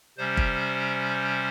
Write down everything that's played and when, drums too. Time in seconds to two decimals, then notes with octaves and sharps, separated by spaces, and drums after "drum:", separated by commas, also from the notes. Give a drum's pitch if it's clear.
0.17 C3 G3 C#4 C5
0.37 drum: kick